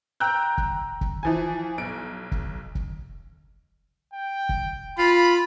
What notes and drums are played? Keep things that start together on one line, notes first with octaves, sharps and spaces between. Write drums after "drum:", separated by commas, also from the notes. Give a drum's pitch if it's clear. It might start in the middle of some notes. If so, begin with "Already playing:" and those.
G5 A#5 E6 F#6 G6
drum: kick
drum: kick
E3 F3 G#5
B1 D7
drum: kick
drum: kick
G5
drum: kick
F4 B5